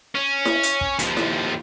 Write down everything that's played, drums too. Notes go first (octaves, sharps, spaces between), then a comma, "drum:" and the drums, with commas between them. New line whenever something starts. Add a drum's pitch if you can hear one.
C#4
drum: snare E4
drum: hi-hat
drum: kick
D#2 F3, drum: hi-hat
drum: snare E4